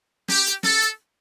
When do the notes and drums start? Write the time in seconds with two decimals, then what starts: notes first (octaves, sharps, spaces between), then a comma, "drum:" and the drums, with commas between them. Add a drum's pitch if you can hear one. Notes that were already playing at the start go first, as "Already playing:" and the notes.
0.28 G4, drum: snare
0.46 drum: hi-hat
0.63 A4, drum: snare
0.81 drum: hi-hat